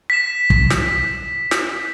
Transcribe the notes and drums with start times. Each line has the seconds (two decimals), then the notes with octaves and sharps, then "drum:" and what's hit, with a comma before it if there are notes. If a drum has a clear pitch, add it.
0.10 B6 E7
0.50 drum: kick
0.70 drum: snare
1.51 drum: snare